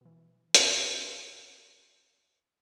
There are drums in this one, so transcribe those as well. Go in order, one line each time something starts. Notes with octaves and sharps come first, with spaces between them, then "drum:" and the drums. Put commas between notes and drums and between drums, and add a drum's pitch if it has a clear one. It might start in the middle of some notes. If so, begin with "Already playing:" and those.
B2 E3
drum: hi-hat